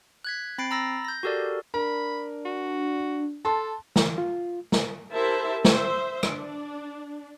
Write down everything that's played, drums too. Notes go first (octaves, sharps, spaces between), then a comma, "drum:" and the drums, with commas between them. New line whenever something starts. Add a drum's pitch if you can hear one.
F#6 G#6 B6
C4 B5 A6 C7 D7
A#5 B5 E6 A6 A#6
G6 A#6
F#4 G4 A4 A#4 D5
D4 A#4 B5
F#4
A4 A5 C6
E3, drum: snare
F4
drum: snare
E4 G4 A#4 C5 E5 A5
C5 E5, drum: snare
D4, drum: rim click